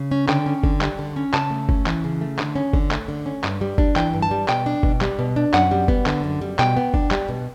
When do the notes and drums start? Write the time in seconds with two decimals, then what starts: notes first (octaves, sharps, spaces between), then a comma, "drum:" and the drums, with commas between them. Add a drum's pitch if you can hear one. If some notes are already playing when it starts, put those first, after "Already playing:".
Already playing: C#3
0.11 C#4
0.28 D3 G5, drum: clap
0.46 C#4
0.64 D3, drum: kick F#1
0.81 G3, drum: clap
0.99 D3
1.16 C#4
1.34 C#3 A5, drum: clap
1.51 A3
1.69 C#4, drum: kick F#1
1.86 E3, drum: clap
2.04 C#3
2.21 A3
2.39 D3, drum: clap
2.56 C#4
2.73 D3, drum: kick F#1
2.91 A3, drum: clap
3.08 D3
3.26 C#4
3.44 G2, drum: clap
3.61 G3
3.78 D4, drum: kick F#1
3.96 E3 G5, drum: clap
4.13 G2
4.22 A5
4.31 G3
4.48 B2 G5, drum: clap
4.66 D4
4.83 B2, drum: kick F#1
5.01 G3, drum: clap
5.19 B2
5.36 D4
5.54 F#2 F#5, drum: clap
5.71 G3
5.88 B3, drum: kick F#1
6.06 D3, drum: clap
6.24 F#2
6.41 G3
6.59 B2 G5, drum: clap
6.77 B3
6.94 D4, drum: kick F#1
7.11 G3, drum: clap
7.28 B2